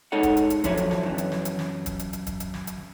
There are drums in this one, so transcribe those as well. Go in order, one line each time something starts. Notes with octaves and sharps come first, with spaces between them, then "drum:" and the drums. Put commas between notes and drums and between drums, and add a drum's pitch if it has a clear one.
G#3 D#4 A4 C#5 F#5
drum: kick, hi-hat
drum: hi-hat
drum: hi-hat
F3 F#3 D4 E4 C#5, drum: kick, hi-hat
drum: hi-hat
drum: snare
F#2 E3
drum: hi-hat
drum: snare
drum: hi-hat
drum: snare
drum: kick, hi-hat
drum: hi-hat
drum: hi-hat
drum: kick, hi-hat
drum: hi-hat
drum: snare
drum: hi-hat